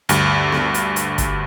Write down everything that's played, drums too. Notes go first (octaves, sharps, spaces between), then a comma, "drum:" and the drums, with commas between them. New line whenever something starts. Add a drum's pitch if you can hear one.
D2 G2, drum: hi-hat
drum: snare B3
drum: hi-hat
drum: hi-hat
drum: kick, hi-hat